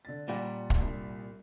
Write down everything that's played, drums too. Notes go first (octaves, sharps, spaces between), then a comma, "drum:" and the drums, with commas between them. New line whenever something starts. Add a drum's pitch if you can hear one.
D3 A6
A#2 G3 F#5 B5
drum: kick
C2 D4